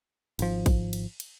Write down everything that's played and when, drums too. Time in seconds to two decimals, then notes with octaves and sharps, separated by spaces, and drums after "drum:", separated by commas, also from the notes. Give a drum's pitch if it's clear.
0.39 G#1 F3, drum: cymbal
0.66 drum: kick A#1, cymbal
0.93 drum: cymbal
1.20 drum: cymbal